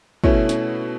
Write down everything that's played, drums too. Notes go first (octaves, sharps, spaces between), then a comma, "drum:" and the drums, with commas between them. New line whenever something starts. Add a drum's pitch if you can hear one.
B2 A3 C#4 E4, drum: kick
drum: snare